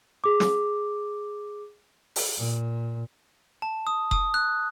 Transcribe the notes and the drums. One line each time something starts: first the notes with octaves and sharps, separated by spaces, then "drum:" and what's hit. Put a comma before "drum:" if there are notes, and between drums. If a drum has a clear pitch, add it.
G#4 D6
drum: snare
drum: open hi-hat
A#2
A5
D#6
D#6, drum: kick F1
F#6